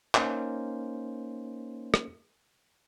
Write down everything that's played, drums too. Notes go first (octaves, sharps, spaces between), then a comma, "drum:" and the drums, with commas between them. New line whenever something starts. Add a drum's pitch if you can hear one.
A#3 C#4 D#4 C5, drum: clap
drum: rim click